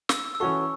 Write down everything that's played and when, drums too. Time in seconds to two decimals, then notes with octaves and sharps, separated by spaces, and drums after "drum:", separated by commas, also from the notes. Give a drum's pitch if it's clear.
0.09 E6, drum: snare
0.35 E6
0.40 E3 C#4 F#4 A4 C#6